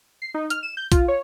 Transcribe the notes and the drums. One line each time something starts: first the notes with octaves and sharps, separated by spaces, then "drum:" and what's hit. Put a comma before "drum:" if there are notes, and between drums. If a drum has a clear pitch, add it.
C7
D#4
F6, drum: hi-hat
E7
G6
F4, drum: kick, hi-hat
C#5